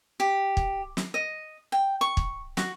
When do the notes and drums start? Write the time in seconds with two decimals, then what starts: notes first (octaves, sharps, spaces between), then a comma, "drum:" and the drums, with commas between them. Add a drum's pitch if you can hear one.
0.20 G4
0.57 drum: kick
0.97 drum: snare
1.14 D#5
1.72 G5
2.01 C#6
2.17 drum: kick
2.57 F#4, drum: snare